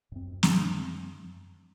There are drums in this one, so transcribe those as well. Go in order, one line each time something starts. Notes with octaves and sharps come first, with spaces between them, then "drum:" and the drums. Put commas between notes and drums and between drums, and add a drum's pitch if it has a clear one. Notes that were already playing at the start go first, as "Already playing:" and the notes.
F#2 C4
drum: snare